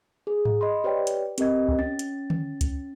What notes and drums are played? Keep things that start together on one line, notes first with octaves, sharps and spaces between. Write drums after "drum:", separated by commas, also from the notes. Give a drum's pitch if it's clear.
G#4
drum: tom G#2
D#5 B5 C6
G4 B4 C#5 D5 G5
drum: hi-hat
C4 G4 A#4 D#5 G#6, drum: hi-hat
drum: kick C#2
C#4 A6
drum: hi-hat
drum: tom D3
drum: kick C#2, hi-hat